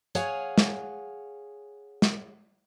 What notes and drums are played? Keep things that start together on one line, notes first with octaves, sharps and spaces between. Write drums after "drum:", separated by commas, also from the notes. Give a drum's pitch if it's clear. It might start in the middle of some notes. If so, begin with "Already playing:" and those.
G#4 C#5 F5 F#5 G#5, drum: hi-hat
drum: snare
drum: snare